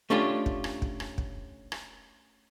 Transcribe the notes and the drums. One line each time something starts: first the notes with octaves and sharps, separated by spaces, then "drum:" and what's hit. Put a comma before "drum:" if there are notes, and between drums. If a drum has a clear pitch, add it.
A3 C#4 D4 F4 G4
drum: kick
drum: rim click
drum: kick
drum: rim click
drum: kick
drum: rim click